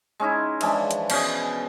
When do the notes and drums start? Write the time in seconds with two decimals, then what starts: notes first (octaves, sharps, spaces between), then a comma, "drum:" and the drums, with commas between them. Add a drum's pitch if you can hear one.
0.20 G#3 C#4 D#4 E4
0.61 E3 F3 G#3 D4, drum: cymbal
0.91 drum: hi-hat
1.10 B2 C#4 G#4 G#5, drum: cymbal